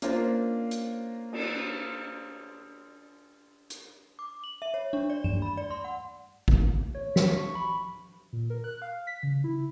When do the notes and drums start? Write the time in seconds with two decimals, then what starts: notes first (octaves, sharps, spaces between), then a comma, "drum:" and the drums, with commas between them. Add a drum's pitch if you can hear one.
0.02 A#3 C#4 D4 F4 A#4 C5, drum: hi-hat
0.71 drum: hi-hat
1.33 drum: cymbal
3.70 drum: hi-hat
4.19 D6
4.44 F#7
4.62 E5
4.74 C#5
4.93 D4
5.10 D5
5.24 E7, drum: tom G2
5.42 B5
5.57 D5
5.71 C6
5.84 F#5
6.48 drum: kick G#1
6.95 C#5
7.16 B6, drum: snare
7.37 C#6
7.55 B5
8.33 A#2
8.50 A#4
8.64 F#6
8.82 F5
9.07 B6
9.23 C#3
9.44 E4